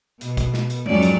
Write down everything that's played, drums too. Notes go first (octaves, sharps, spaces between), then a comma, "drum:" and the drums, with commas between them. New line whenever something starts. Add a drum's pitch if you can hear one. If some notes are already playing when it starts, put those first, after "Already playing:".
B2, drum: hi-hat
drum: kick, hi-hat
drum: snare
drum: hi-hat
F2 G#2 F#3 C#4 D5, drum: tom G#3
drum: hi-hat